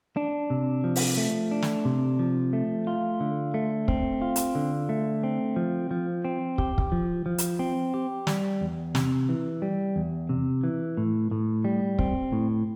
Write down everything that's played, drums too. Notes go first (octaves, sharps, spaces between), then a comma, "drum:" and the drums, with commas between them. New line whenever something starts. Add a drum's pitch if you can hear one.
D4
C3
F3
drum: open hi-hat
A3
D4
drum: snare
C3
F3
A3
F4
D3
A3
C4, drum: kick
F4
drum: hi-hat
D3
A3
C4
F3
F3
C4
G4, drum: kick
drum: kick
F3
F3
drum: hi-hat
C4
G4
G3, drum: snare
E2
C3, drum: snare
E3
G3
E2
C3
E3
A2
A2
G3
C4, drum: kick
A2